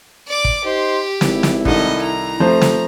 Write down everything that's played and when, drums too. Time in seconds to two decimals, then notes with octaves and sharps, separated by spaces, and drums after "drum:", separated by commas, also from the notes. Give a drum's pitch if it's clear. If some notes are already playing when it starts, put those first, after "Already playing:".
0.28 D5 D6
0.45 drum: kick
0.64 D#4 G4 C5 C6
1.21 G#1 E4, drum: snare
1.43 drum: snare
1.65 C2 D#3 A4 D#5, drum: kick
2.02 A#5
2.40 F1 F3 A3 C5
2.61 drum: snare